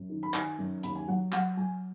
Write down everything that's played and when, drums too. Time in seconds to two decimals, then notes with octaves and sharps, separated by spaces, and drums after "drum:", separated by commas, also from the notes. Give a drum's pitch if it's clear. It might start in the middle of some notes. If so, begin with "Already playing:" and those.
Already playing: F#2
0.10 D#3
0.23 B5
0.34 D#3 G#5, drum: clap
0.58 F#2
0.83 D#2 B5, drum: hi-hat
0.96 G#5
1.08 F#3 F#5
1.32 F#3 F#5, drum: clap
1.57 F#3 G#5